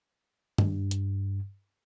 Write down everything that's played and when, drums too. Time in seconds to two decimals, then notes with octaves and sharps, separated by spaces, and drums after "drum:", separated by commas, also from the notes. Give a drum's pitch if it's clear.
0.58 G2, drum: tom G2
0.91 drum: hi-hat